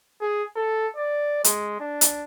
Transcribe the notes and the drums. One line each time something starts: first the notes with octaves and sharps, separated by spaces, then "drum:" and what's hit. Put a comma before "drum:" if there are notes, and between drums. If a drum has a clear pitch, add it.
G#4
A4
D5
G#3, drum: hi-hat
D4
drum: hi-hat